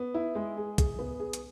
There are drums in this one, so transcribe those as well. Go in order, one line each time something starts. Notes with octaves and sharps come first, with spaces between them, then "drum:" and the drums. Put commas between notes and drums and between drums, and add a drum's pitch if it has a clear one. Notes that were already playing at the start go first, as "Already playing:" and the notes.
Already playing: B3
E4
G#3
G#4
G#4, drum: kick, hi-hat
B3
G#4
drum: hi-hat